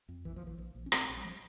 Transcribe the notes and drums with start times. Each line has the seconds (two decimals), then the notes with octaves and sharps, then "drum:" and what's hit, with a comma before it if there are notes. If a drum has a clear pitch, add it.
0.08 F2
0.25 A#1 E3
0.36 F3
0.42 A#1
0.47 E3
0.58 A#1 F3
0.75 A#1
0.86 C#4
0.92 A#2 G#3 C4, drum: rim click
1.08 A#1
1.17 G3
1.25 F3 G#3